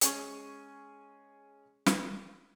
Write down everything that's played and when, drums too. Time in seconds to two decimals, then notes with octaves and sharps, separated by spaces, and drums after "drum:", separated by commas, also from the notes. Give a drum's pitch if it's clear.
0.01 G#3 C#4 G#4 G#5 C#6, drum: hi-hat
1.86 drum: snare